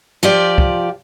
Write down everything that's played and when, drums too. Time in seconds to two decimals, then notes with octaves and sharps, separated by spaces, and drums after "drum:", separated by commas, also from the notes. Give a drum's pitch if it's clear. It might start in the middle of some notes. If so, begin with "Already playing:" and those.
0.23 F3 F4 G4 D5
0.58 drum: kick